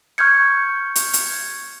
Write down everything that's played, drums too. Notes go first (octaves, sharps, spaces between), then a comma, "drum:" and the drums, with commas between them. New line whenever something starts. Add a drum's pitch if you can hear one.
C#6 F6 G6 G#6 C#7
drum: hi-hat
drum: hi-hat